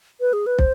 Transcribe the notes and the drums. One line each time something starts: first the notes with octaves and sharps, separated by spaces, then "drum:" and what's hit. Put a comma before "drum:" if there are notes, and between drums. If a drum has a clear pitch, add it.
B4
G#4
B4
C5, drum: kick